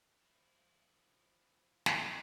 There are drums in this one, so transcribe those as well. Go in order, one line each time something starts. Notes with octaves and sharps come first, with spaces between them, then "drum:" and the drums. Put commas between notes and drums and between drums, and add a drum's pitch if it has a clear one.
F3 E4
drum: snare